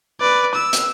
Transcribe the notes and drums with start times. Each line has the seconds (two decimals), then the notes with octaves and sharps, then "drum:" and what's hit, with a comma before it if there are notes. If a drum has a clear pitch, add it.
0.21 B4 D5
0.54 E6
0.73 drum: hi-hat